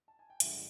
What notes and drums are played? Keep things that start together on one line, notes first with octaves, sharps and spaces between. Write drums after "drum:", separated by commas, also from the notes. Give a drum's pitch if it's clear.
A5
G#5
G5
G2 D3 F3 G#3 E5 F#5, drum: hi-hat